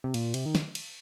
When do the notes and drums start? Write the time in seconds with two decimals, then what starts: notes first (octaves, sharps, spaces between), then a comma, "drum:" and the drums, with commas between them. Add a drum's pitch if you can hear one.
0.04 C3
0.14 A#2, drum: cymbal
0.34 C3, drum: cymbal
0.46 D#3
0.55 drum: snare
0.75 drum: cymbal